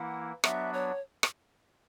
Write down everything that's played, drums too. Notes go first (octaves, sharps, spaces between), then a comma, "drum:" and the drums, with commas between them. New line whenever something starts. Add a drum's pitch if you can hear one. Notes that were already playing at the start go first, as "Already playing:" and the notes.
Already playing: E3 A#3 E4 F#5
F#3 B3 D4 F#4 E5, drum: rim click
C#5
drum: rim click